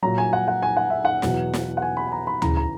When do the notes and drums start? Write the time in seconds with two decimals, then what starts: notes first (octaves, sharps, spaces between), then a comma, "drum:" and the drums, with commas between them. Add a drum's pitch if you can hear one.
0.02 A#2 F#3 A#5
0.18 G#5
0.33 F#5
0.48 F#5
0.62 G#5
0.77 F#5
0.90 E5
1.05 F#5
1.22 E2 B2 F#3, drum: snare
1.54 drum: snare
1.77 F#5
1.82 G#5
1.97 B5
2.07 G#5
2.12 A#5
2.27 B5
2.42 E2 C#3 E3 A#5, drum: tom D2
2.57 A#5